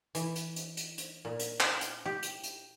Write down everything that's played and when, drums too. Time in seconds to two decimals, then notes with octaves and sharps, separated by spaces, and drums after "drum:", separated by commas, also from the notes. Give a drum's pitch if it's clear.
0.15 E3, drum: hi-hat
0.36 drum: hi-hat
0.56 drum: hi-hat
0.77 drum: hi-hat
0.98 drum: hi-hat
1.25 A#2
1.39 drum: hi-hat
1.60 drum: clap
1.81 drum: hi-hat
2.06 G4
2.23 drum: hi-hat
2.43 drum: hi-hat